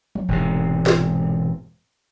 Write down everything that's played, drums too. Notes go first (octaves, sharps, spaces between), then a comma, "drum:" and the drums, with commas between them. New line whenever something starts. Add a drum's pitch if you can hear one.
drum: tom F3
E1 G#2 C3
drum: snare